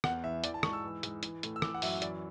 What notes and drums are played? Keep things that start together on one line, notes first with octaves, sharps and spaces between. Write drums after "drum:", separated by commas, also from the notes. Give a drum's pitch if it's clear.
E2 F#5, drum: rim click
E3 E5
E3 D5, drum: hi-hat
A5
G#2 C#6, drum: rim click
E6
E3
G#2, drum: hi-hat
E3, drum: hi-hat
A2, drum: hi-hat
E6
E3 D6, drum: rim click
F#5
F#2 E5, drum: open hi-hat
E3 D5, drum: hi-hat